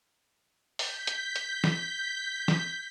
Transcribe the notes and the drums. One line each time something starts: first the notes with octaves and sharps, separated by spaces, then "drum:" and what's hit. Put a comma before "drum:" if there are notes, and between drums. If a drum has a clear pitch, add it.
G6 B6, drum: open hi-hat
drum: hi-hat
drum: hi-hat
drum: snare
drum: snare